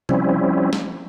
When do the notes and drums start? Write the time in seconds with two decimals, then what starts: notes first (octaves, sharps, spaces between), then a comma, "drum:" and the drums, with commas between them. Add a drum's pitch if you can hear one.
0.09 F3 G3 C4 C#4 E4, drum: tom C3
0.73 drum: snare